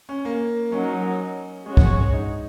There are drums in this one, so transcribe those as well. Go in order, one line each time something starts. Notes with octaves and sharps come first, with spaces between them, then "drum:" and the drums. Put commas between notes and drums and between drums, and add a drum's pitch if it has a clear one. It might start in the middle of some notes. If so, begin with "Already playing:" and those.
C#4
A#3
F#3 C#4 D#4 A#4
G#3 C#4 F#4 C#5
drum: kick
D#4